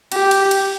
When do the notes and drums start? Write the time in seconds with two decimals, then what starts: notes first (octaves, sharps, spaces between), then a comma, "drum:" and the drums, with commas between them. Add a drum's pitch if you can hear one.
0.12 G4, drum: cymbal
0.31 drum: cymbal
0.51 drum: cymbal